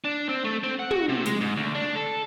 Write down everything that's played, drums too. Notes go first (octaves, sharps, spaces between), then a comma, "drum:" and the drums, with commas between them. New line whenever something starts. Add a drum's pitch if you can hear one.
D4
C4
A3
C4
F#5
F#4, drum: tom
C3
G#3, drum: hi-hat
G#2
D2
D4
A4